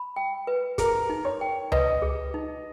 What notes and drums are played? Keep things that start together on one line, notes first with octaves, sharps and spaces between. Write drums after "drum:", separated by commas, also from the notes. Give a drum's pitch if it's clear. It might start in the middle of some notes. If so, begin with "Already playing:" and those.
Already playing: B5
G5
B4
G#4 A#4, drum: kick, hi-hat
D#4
C#5
G5
B4 D#5, drum: tom C#2
G#4
D#4